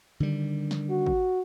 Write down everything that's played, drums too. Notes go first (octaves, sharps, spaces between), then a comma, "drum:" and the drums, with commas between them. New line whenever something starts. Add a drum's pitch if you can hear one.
D3 D#3 G3
drum: snare
F#4
drum: kick G#1